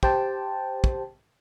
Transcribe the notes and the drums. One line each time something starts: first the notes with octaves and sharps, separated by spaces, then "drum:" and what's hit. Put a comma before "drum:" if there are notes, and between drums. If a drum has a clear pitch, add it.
G4 C5 G5 A5, drum: kick
drum: kick